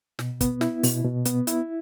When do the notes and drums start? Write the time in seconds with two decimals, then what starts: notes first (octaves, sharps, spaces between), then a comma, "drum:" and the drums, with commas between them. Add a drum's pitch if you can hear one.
0.19 B2, drum: snare
0.41 B3, drum: kick, hi-hat
0.61 E4, drum: snare
0.83 B2, drum: open hi-hat
1.04 B2
1.25 B3, drum: hi-hat
1.47 E4, drum: hi-hat